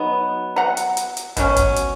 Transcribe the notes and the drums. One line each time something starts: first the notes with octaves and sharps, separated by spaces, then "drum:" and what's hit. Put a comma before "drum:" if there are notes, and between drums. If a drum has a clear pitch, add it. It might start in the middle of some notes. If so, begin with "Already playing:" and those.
Already playing: F#3 B3 D#4
F#5 A#5
drum: hi-hat
drum: hi-hat
drum: hi-hat
B2 F#3 C#4, drum: kick, hi-hat
drum: kick, hi-hat
drum: hi-hat